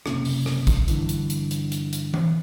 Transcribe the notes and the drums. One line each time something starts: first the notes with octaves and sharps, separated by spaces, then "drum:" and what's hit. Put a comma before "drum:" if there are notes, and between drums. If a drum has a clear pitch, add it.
F#1 C3 A#3 C#4, drum: rim click
drum: open hi-hat
drum: rim click
drum: kick, hi-hat
G2 D3 E3, drum: hi-hat
drum: hi-hat
drum: hi-hat
drum: hi-hat
drum: hi-hat
drum: hi-hat
drum: tom E3